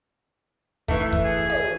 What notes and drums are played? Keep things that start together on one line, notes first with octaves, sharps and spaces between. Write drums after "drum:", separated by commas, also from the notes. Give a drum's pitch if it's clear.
E3 A3, drum: kick
drum: kick
G#4
drum: tom